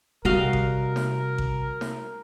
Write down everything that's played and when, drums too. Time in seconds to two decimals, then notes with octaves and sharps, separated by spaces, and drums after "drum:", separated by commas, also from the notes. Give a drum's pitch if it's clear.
0.25 C3 G3 F#4 A#4 D#5 F5
0.53 drum: kick A1
0.96 drum: snare
1.38 drum: kick A1
1.81 drum: snare